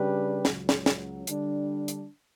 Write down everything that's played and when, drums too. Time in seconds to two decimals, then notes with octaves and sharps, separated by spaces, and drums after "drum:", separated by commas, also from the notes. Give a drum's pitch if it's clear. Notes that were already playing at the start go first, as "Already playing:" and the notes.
Already playing: C#3 G3 D4 G4 B4
0.45 C#2 C#3 F#3, drum: snare
0.69 drum: snare
0.86 drum: snare
1.27 D3 G3 D4, drum: hi-hat
1.88 drum: hi-hat